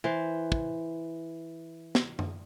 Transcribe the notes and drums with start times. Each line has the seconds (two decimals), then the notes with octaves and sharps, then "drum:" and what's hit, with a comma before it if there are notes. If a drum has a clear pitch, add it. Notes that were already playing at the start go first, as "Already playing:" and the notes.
0.04 E3 C5
0.52 drum: kick
1.95 drum: snare
2.19 drum: tom F#2